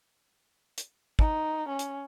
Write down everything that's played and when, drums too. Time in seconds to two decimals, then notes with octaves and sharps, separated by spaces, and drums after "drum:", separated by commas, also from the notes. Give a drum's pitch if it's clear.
0.78 drum: hi-hat
1.19 D#4, drum: kick
1.68 C#4
1.79 drum: hi-hat